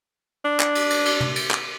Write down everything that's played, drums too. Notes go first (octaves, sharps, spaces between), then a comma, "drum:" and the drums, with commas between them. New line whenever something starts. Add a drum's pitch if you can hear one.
D4
drum: clap
drum: cymbal
drum: cymbal
drum: cymbal
drum: tom
drum: cymbal
drum: clap